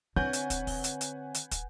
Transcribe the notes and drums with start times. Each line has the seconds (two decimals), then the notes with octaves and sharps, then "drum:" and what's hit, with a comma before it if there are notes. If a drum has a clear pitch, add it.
0.16 D3 C4 B4 C#5 F#5 G#5 G6
0.33 drum: hi-hat
0.50 drum: kick, hi-hat
0.67 drum: kick, open hi-hat
0.84 drum: hi-hat
1.01 drum: hi-hat
1.35 drum: hi-hat
1.52 drum: kick, hi-hat